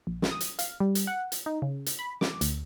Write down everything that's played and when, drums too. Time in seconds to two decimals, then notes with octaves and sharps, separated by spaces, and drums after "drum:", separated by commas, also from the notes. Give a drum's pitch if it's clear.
0.07 A#1
0.22 drum: snare
0.31 D#6
0.41 drum: hi-hat
0.59 F5, drum: hi-hat
0.80 G3
0.95 drum: hi-hat
1.07 F#5
1.32 drum: hi-hat
1.46 D#4
1.62 C#3
1.86 drum: hi-hat
1.99 B5
2.21 D6, drum: snare
2.41 D2, drum: hi-hat